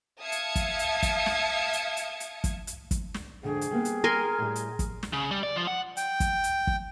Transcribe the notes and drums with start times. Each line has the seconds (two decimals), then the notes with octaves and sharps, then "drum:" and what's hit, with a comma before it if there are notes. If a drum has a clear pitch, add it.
0.22 E5 F5 A5 D#6 G#6 C#7
0.32 drum: hi-hat
0.55 drum: kick, hi-hat
0.79 drum: hi-hat
1.03 drum: kick, hi-hat
1.26 drum: snare
1.73 drum: hi-hat
1.97 drum: hi-hat
2.20 drum: hi-hat
2.44 drum: kick, hi-hat
2.67 drum: hi-hat
2.91 drum: kick, hi-hat
3.14 drum: snare
3.43 F2 G#2 D3 G#4
3.61 drum: hi-hat
3.71 G3 A#3 B3
3.85 drum: hi-hat
4.04 A#4 G#5 C6
4.39 A2 G3
4.56 drum: hi-hat
4.79 drum: kick, hi-hat
5.03 drum: snare
5.13 C#3
5.31 G3
5.43 D5
5.56 F3
5.67 F#5
5.97 G5, drum: hi-hat
6.20 drum: kick, hi-hat
6.44 drum: hi-hat
6.67 drum: kick